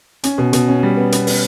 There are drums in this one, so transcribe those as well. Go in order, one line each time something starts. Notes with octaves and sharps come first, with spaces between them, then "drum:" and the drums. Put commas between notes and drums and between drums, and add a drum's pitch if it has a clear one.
C#4, drum: hi-hat
B2
B2, drum: hi-hat
C#4
G3
B3
B3, drum: hi-hat
B3, drum: open hi-hat